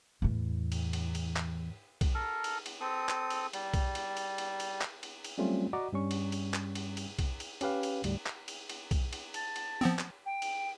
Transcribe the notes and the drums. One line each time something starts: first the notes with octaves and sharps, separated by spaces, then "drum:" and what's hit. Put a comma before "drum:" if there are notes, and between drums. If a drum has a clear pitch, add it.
E2 A2
drum: cymbal
drum: cymbal
drum: cymbal
drum: clap
drum: kick B1, cymbal
A4 A#4
drum: cymbal
drum: cymbal
C4 A4 D#6
drum: clap
drum: cymbal
G3, drum: cymbal
drum: kick B1, cymbal
drum: cymbal
drum: cymbal
drum: cymbal
drum: cymbal
drum: clap
drum: cymbal
drum: cymbal
F#3 G3 A3 C4 C#4 F4
F#4 D5 D#5 F#5 A#5 D6
G2 G3 C#4 C#6
drum: cymbal
drum: cymbal
drum: clap
drum: cymbal
drum: cymbal
drum: kick B1, cymbal
drum: cymbal
C#4 G4 B4 F5, drum: cymbal
drum: cymbal
D2 G#2 G3, drum: cymbal
drum: clap
drum: cymbal
drum: cymbal
drum: kick B1, cymbal
drum: cymbal
A5, drum: cymbal
drum: cymbal
F3 B3 C4
drum: clap
G5
drum: cymbal